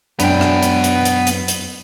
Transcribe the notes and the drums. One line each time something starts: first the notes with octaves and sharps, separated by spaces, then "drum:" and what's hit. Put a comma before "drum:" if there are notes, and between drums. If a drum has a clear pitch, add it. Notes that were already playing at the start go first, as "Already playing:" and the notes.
F#2 B3 D4 G5, drum: hi-hat
drum: rim click
drum: hi-hat
drum: hi-hat
drum: hi-hat
drum: hi-hat
drum: hi-hat